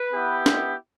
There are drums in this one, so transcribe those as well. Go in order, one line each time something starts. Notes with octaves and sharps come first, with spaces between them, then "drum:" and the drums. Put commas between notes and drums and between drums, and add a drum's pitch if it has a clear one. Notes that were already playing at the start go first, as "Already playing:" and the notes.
Already playing: B4
B3 E4 G4
drum: snare